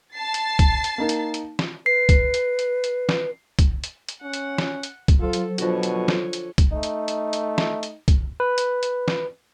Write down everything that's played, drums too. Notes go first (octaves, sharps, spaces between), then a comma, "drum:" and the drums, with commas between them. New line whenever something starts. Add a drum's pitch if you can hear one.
A5 A6 C7
drum: hi-hat
drum: kick, hi-hat
drum: hi-hat
A#3 D#4 A#4
drum: hi-hat
drum: hi-hat
drum: snare
B4 C7
drum: kick, hi-hat
drum: hi-hat
drum: hi-hat
drum: hi-hat
drum: snare
drum: kick, hi-hat
drum: hi-hat
drum: hi-hat
C#4 F#5
drum: hi-hat
drum: snare
drum: hi-hat
drum: kick, hi-hat
F#3 F4 A4 C5
drum: hi-hat
B2 D3 F3 D4 F#4 C#5, drum: hi-hat
drum: hi-hat
drum: snare
drum: hi-hat
drum: kick, hi-hat
A3 D#4
drum: hi-hat
drum: hi-hat
drum: hi-hat
drum: snare
drum: hi-hat
drum: kick, hi-hat
B4
drum: hi-hat
drum: hi-hat
drum: snare